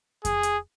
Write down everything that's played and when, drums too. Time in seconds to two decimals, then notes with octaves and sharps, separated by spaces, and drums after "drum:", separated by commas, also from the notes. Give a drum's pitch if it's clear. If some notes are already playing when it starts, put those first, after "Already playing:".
0.25 G#4, drum: kick F2, hi-hat
0.43 drum: hi-hat